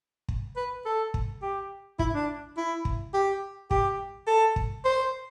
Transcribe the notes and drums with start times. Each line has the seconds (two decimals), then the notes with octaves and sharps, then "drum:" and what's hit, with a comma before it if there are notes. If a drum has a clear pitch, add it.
0.28 drum: kick
0.57 B4
0.85 A4
1.14 drum: kick
1.42 G4
1.99 E4, drum: kick
2.14 D4
2.57 E4
2.85 drum: kick
3.14 G4
3.71 G4, drum: kick
4.27 A4
4.56 drum: kick
4.85 C5